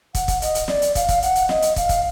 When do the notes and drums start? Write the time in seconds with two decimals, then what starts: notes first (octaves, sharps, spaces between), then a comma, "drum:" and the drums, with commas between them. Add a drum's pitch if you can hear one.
0.15 F#5, drum: kick, hi-hat
0.28 drum: kick, hi-hat
0.42 D#5, drum: hi-hat
0.55 drum: hi-hat
0.68 D5, drum: snare
0.82 drum: hi-hat
0.95 F5, drum: kick, hi-hat
1.09 drum: kick, hi-hat
1.22 F#5, drum: hi-hat
1.35 drum: hi-hat
1.49 D#5, drum: snare
1.62 drum: hi-hat
1.76 F5, drum: kick, hi-hat
1.89 drum: kick, hi-hat